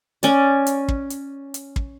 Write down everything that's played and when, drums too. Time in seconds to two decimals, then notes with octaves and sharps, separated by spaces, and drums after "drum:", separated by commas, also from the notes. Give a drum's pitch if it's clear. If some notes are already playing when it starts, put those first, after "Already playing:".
0.23 C#4 D5, drum: hi-hat
0.67 drum: hi-hat
0.88 drum: kick
1.10 drum: hi-hat
1.54 drum: hi-hat
1.76 drum: kick